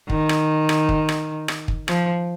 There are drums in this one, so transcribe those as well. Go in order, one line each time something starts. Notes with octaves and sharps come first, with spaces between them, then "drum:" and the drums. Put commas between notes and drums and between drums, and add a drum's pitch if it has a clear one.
D#3, drum: kick
drum: rim click
drum: rim click
drum: kick
drum: rim click
drum: rim click
drum: kick
F3, drum: rim click